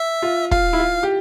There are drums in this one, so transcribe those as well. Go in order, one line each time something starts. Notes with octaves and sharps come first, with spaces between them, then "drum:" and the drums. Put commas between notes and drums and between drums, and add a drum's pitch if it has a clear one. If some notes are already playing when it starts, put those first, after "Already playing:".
Already playing: E5
F4
F4 F5, drum: kick
E4
F4
G4